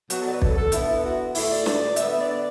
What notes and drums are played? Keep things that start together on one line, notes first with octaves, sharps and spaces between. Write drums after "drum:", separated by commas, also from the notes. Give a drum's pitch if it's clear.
B2 F#3 B3 F#4, drum: hi-hat
A4
D5
B4
A4, drum: kick
A4
D3 B3 E4, drum: hi-hat
E4
F#4
A2 A3 E4, drum: open hi-hat
D5
D5, drum: snare
D3 B3 E5, drum: hi-hat
E5
D5
D5